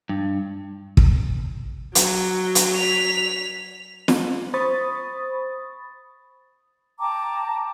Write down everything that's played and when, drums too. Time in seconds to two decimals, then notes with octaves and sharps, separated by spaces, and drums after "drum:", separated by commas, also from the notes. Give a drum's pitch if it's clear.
0.09 G2
0.97 drum: kick
1.95 F#3, drum: hi-hat
2.55 drum: hi-hat
2.76 B6 F7
4.08 drum: snare
4.54 C5 B5 C#6 D#6 A6
6.99 G5 A5 A#5 D6